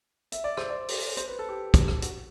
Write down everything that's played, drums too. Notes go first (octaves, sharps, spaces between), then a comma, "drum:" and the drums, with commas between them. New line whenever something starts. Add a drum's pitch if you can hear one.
E5, drum: hi-hat
D5
C5, drum: rim click
D5
drum: open hi-hat
C5, drum: hi-hat
B4
A4
G4
drum: kick, hi-hat
drum: rim click
F#4, drum: hi-hat